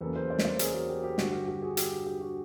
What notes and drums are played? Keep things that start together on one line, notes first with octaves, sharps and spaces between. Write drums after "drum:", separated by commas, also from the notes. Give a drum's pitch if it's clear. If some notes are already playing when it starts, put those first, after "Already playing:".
E2 C#3 F#3 A#3 A4 B4
A#4 C5
C5 D5
C#5, drum: snare
C5 D5
G#4 A#4, drum: hi-hat
F#4 G#4
G4
G4
G2 D3 G3 F#4, drum: snare
G4
G4
F#4 G#4
G4, drum: hi-hat
F#4
G4
F#4